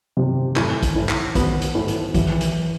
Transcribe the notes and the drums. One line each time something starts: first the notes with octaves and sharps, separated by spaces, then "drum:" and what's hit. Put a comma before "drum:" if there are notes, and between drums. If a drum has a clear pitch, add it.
C3
A2, drum: clap
drum: kick, hi-hat
A2
drum: clap
B3, drum: kick, hi-hat
drum: hi-hat
A2
drum: hi-hat
E2, drum: kick, hi-hat
drum: hi-hat